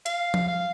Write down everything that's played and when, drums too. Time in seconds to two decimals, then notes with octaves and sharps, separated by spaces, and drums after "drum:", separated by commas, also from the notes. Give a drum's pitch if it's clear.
0.06 F5, drum: hi-hat
0.34 drum: tom F3
0.48 F5